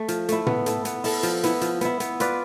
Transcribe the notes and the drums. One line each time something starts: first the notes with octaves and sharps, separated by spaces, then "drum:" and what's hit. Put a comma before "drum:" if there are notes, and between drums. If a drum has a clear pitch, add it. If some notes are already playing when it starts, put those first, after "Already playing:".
Already playing: A3
F3, drum: hi-hat
A3 E4, drum: hi-hat
B3, drum: tom
E4 A4, drum: hi-hat
B3, drum: hi-hat
E4 A4, drum: open hi-hat
F3, drum: hi-hat
B3 E4, drum: hi-hat
F3, drum: hi-hat
B3 E4, drum: hi-hat
B3, drum: hi-hat
F4 B4 D5, drum: hi-hat